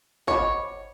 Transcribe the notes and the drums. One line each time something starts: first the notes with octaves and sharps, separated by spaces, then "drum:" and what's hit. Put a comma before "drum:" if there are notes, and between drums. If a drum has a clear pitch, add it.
C5 C#5 D#5 F#5 B5 D6, drum: kick